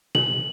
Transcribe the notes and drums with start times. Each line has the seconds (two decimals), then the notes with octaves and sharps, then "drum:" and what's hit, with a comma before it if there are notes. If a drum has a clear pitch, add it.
0.15 F#7, drum: tom B2